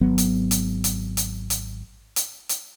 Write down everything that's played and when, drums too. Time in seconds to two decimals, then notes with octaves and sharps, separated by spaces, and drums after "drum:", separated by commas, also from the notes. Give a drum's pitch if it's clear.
0.01 G#1 F#3 B3
0.18 drum: hi-hat
0.51 drum: hi-hat
0.84 drum: hi-hat
1.17 drum: hi-hat
1.50 drum: hi-hat
2.16 drum: hi-hat
2.49 drum: hi-hat